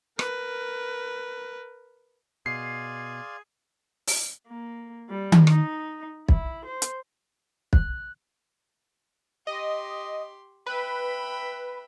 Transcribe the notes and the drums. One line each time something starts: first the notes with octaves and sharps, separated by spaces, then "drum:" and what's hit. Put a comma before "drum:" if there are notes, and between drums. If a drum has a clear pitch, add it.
A#4 B4, drum: rim click
B2 G#4 D5 F5 C6 C7
drum: open hi-hat
A#3
G3
drum: tom D#3
D#4, drum: rim click
E4, drum: kick
C5
drum: hi-hat
F#6, drum: kick
G4 D#5 C6
B4 E5 G5 B5